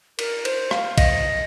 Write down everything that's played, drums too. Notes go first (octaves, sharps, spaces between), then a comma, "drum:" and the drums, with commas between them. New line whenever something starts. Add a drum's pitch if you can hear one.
A#4, drum: cymbal
C5, drum: cymbal
F5, drum: rim click
D#5, drum: kick A#1, cymbal